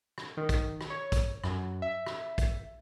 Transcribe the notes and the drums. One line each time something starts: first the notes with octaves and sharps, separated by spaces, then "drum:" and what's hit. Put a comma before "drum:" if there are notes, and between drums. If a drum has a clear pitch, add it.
drum: rim click
D#3
drum: kick, hi-hat
drum: rim click
C#5
drum: kick, hi-hat
F#2, drum: rim click
E5
drum: rim click
drum: kick, hi-hat